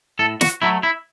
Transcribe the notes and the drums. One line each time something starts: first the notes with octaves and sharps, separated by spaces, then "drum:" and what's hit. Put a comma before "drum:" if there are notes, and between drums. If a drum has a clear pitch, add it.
A2 A4
F#4, drum: snare
F#3 A3 E4
E4